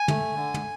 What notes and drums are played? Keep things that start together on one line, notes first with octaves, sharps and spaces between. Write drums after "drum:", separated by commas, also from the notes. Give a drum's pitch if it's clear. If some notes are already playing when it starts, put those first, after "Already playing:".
Already playing: G#5
A3, drum: tom
D3
drum: tom